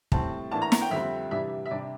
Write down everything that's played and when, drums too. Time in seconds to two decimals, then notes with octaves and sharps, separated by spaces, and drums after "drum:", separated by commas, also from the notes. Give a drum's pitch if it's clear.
0.12 A2 G3 C4 A5, drum: kick
0.51 A2 E3 A#3 D4 A5
0.62 A#5
0.72 A#5, drum: snare
0.81 G5
0.91 F2 D3 G3 C4 E5
1.31 C3 E3 G3 D4 E5
1.66 E5
1.71 C3 G3 D4 D5